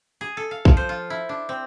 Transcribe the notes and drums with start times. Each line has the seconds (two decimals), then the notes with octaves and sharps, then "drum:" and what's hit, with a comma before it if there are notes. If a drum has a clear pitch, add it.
0.21 G#4
0.37 A4
0.51 F5
0.65 F3, drum: kick A#1
0.77 C5
0.89 F4
1.10 E4
1.29 D4
1.49 C4